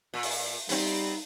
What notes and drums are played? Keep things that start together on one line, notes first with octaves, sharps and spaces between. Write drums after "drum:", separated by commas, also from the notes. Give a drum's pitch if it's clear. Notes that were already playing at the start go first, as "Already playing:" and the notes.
A#2
drum: open hi-hat
G3 B3 C4 D#4, drum: open hi-hat